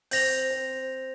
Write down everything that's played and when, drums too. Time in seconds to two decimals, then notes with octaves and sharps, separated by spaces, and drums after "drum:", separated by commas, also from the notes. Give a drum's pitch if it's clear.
0.11 C4 G6 A#6 F7, drum: open hi-hat
0.50 C4